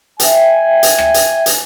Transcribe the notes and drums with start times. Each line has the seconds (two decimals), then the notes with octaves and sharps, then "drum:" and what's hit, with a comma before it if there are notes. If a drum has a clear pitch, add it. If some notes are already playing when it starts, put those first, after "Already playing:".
0.20 E5 G5 G#5, drum: hi-hat
0.83 drum: hi-hat
0.98 drum: rim click
1.14 drum: hi-hat
1.46 drum: hi-hat